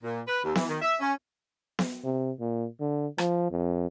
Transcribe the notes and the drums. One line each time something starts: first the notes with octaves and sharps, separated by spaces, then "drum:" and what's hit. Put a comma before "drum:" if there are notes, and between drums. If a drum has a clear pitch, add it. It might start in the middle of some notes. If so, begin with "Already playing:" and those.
A#2
B4
D#2
E3, drum: snare B3
D#3
E5
C#4
drum: snare B3
C3
A#2
D3
F3, drum: rim click
F2